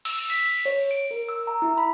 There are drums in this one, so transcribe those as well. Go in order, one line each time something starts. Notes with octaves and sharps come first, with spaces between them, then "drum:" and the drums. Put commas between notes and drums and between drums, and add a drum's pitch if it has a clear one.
E6, drum: cymbal
B6
C#5
D7
A#4
E6
A#5
E4
B5